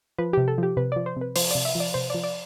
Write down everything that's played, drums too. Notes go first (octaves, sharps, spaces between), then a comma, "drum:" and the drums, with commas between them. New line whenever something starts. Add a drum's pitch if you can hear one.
F3 B4
C3 G4
A4
F3 G4
C3 B4
F3 D5
C5
C3 B4
F3 C5, drum: open hi-hat
C3 D5
E5
F3
D5
C3 C5
F3 D5
D5